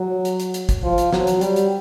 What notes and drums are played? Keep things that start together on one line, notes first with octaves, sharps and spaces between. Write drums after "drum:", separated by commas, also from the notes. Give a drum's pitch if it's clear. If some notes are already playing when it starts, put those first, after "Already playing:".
Already playing: F#3
drum: hi-hat
drum: hi-hat
drum: hi-hat
drum: kick, hi-hat
F3
drum: hi-hat
F#3, drum: snare
drum: hi-hat
G3, drum: hi-hat
drum: hi-hat